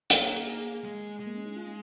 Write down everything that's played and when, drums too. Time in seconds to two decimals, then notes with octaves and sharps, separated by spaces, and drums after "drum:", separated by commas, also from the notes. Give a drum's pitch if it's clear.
0.10 A#3 A#4, drum: hi-hat
0.19 C#5
0.26 A#4
0.47 G#4
0.84 G#3
1.20 G#3
1.26 A#3
1.36 C#4
1.46 D#4
1.56 F4